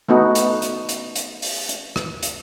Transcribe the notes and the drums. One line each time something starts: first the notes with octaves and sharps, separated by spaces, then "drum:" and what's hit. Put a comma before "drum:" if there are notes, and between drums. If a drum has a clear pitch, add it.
A3 B3 D#4 F#4
drum: hi-hat
drum: hi-hat
drum: hi-hat
drum: hi-hat
drum: open hi-hat
drum: hi-hat
drum: rim click
drum: hi-hat